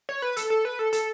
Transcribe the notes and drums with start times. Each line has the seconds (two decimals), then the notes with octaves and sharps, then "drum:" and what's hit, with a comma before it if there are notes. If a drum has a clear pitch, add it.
0.09 C#5
0.22 B4
0.37 A4, drum: hi-hat
0.50 A4
0.65 B4
0.79 A4
0.93 A4, drum: hi-hat